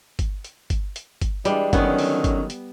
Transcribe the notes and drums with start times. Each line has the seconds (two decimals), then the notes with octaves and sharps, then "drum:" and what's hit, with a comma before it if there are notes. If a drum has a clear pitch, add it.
0.19 drum: kick G1, hi-hat
0.45 drum: hi-hat
0.70 drum: kick G1, hi-hat
0.96 drum: hi-hat
1.22 drum: kick G1, hi-hat
1.45 E3 G3 G#3 D4, drum: hi-hat
1.73 D3 D#3 F#3 B3 C#4 C#5 D5, drum: kick G1, hi-hat
1.98 drum: open hi-hat
2.24 drum: kick G1, hi-hat
2.50 drum: hi-hat